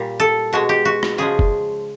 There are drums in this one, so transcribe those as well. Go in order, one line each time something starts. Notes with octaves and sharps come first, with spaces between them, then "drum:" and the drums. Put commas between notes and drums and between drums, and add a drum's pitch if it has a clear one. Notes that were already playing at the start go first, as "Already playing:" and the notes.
Already playing: A#2 G3
A4
B2 G#3 F#4
G4
F#4
drum: rim click
C#3 F3 G#3 G#4
drum: kick F#1